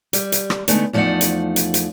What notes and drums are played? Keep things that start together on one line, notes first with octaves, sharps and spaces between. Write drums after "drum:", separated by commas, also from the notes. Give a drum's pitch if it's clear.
G3, drum: hi-hat
drum: hi-hat
drum: rim click
D3 G#3 A3 B3 D#4, drum: hi-hat
E2 F3 A3 D#4 D5 F#5
drum: hi-hat
drum: hi-hat
drum: hi-hat